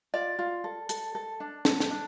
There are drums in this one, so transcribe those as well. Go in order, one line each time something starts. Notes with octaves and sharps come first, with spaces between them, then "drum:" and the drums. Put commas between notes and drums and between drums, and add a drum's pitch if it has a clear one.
F4 D5
F4
A4
A4, drum: hi-hat
A4
D4
A4, drum: snare
drum: snare
D4